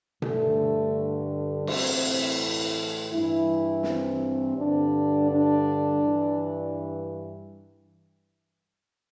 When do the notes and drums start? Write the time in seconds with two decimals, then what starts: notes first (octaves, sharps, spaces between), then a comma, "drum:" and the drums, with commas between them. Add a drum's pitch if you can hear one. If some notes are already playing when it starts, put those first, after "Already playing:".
0.22 G2 D3 A3, drum: tom B2
1.67 A2 E3 C4, drum: cymbal
3.12 G2 E3 E4
3.83 C4, drum: snare
4.56 G2 D3 D4
5.29 D4
6.00 G2 E3